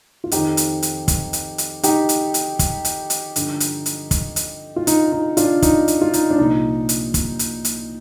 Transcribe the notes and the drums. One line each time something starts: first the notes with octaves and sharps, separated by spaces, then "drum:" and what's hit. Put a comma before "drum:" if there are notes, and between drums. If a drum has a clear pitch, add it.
F4
F2 D#3 D#4 G4, drum: hi-hat
drum: hi-hat
drum: hi-hat
drum: kick, hi-hat
drum: hi-hat
drum: hi-hat
D#4 G4, drum: hi-hat
drum: hi-hat
drum: hi-hat
drum: kick, hi-hat
drum: hi-hat
drum: hi-hat
G2 D3 F3, drum: hi-hat
drum: hi-hat
drum: hi-hat
drum: kick, hi-hat
drum: hi-hat
F4
D#4, drum: hi-hat
D#4
D4 F4, drum: hi-hat
D#4, drum: kick, hi-hat
drum: hi-hat
F4
D#4, drum: hi-hat
D4
C2 A#2 F3 D#4
drum: hi-hat
drum: kick, hi-hat
drum: hi-hat
drum: hi-hat